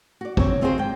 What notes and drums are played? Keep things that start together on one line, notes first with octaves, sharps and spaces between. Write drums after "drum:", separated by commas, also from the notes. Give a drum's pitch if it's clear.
F#4 D5
C4 C#5, drum: kick
D#3 C4 F4 F#4 G#4 C5
G#2 G5